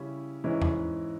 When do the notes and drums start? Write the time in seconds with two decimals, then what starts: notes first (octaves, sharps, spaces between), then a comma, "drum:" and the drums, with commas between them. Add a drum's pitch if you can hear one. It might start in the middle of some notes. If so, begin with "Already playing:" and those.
Already playing: C#3 G3 C#4 E4
0.44 G#2 E3 G#3 C#4 E4
0.62 drum: tom E2